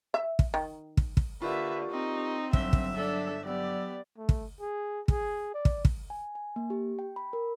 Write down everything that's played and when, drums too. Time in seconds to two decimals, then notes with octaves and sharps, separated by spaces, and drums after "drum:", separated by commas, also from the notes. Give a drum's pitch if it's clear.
0.14 E5
0.39 drum: kick
0.54 D#3
0.97 drum: kick
1.17 drum: kick
1.42 D3 A#3 F4 G4 B4 E5 C#6
1.91 C4 D#4
2.53 G1 F#3 E5 E6 G7, drum: kick
2.73 drum: kick
2.95 D4 A4
3.45 F#3 B3 G4 D5 E6
4.18 A3
4.29 drum: kick
4.61 G#4
5.08 G#4, drum: kick
5.54 D5
5.65 drum: kick
5.85 drum: kick
6.10 G#5
6.35 G#5
6.56 A#3
6.70 G4
6.99 G5
7.16 B5
7.33 A#4